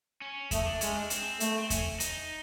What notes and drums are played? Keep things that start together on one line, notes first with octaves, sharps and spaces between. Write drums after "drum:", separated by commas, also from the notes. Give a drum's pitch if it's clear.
C#4
A3 D#4, drum: kick E2, hi-hat
D4
G#3 C#4, drum: hi-hat
D4
C4, drum: hi-hat
A3, drum: hi-hat
C4
C#4, drum: kick E2, hi-hat
D#4, drum: hi-hat